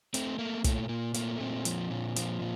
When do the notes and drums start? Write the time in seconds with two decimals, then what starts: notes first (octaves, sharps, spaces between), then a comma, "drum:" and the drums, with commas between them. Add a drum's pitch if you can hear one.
0.14 A3 C4, drum: hi-hat
0.39 A3 A#3
0.64 A#2 A3, drum: kick, hi-hat
0.89 A#2 A#3
1.14 A3 A#3, drum: hi-hat
1.40 A#2 C4
1.65 F3, drum: hi-hat
1.91 A#2
2.16 F3, drum: hi-hat
2.41 A#2